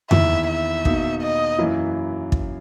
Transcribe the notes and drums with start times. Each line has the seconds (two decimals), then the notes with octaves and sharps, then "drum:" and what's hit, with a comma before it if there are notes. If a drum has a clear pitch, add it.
0.11 E2 D#3 A#3 E4 E5, drum: tom F2
0.48 E5
0.85 B2 A#3 D#4, drum: kick
1.22 D#5
1.58 F#2 E3 A#3 E4
2.32 drum: kick